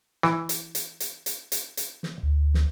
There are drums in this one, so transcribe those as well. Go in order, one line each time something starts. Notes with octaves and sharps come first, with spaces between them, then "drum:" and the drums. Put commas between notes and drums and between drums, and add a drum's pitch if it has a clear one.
E3, drum: snare
drum: hi-hat
drum: hi-hat
drum: hi-hat
drum: hi-hat
drum: hi-hat
drum: hi-hat
drum: snare
D2
drum: snare